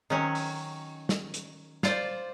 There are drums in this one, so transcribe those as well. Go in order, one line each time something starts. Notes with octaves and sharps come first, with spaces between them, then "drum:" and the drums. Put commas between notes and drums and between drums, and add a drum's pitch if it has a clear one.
D#3 F#3 C#4
drum: open hi-hat
drum: snare
drum: hi-hat
F4 C5 D5, drum: snare